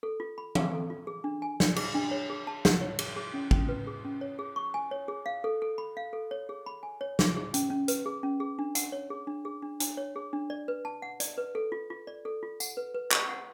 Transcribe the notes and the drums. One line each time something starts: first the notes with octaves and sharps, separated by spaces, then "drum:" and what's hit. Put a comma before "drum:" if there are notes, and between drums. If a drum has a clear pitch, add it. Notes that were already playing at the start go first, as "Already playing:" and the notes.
A4
F4
B5
F5, drum: tom E3
A4
F4
G#4
D4
G#5
D5, drum: snare
G#4, drum: cymbal
D4
C#5
G#4
A5
F#5, drum: snare
C#5
G#4, drum: cymbal
G#4
C#4
C#4, drum: kick
B4
G#4
C#4
C#5
G#4
C#6
G#5
C#5
G#4
F5
A4
A4
B5
F5
A4
C#5
G#4
B5
G#5
C#5
G#4, drum: snare
G#4
C#4, drum: hi-hat
C#4
B4, drum: hi-hat
G#4
C#4
G#4
D4
F#5, drum: hi-hat
C#5
G#4
D4
G#4
D4
D4, drum: hi-hat
C#5
G#4
D4
D5
B4
A5
F#5
D5, drum: hi-hat
B4
A4
F4
F4
D5
A4
F4
F#5, drum: tambourine
B4
B4
C#6, drum: clap
F#5